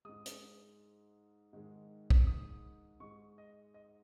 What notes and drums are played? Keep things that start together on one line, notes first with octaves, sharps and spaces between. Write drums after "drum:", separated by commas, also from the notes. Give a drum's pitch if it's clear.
G#2 G#3 D#6
drum: hi-hat
G#2 D#3 G#3
drum: kick
D#6
G#2 G#3 C#6
D#5
D#5